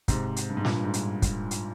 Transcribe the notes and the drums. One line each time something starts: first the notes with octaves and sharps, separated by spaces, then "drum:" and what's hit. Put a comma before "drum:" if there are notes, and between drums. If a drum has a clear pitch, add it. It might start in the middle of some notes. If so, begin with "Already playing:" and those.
G#2 C3, drum: kick, hi-hat
drum: hi-hat
G2
G#2
G2 A#2, drum: snare
G2
G#2
G2, drum: hi-hat
drum: kick, hi-hat
drum: hi-hat